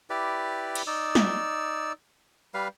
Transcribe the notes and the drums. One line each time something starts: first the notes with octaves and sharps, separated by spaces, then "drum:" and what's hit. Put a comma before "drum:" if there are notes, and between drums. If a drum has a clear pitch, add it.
E4 G4 B4 D5
drum: cymbal
D#4 D5 E6
drum: snare
G3 B4 F5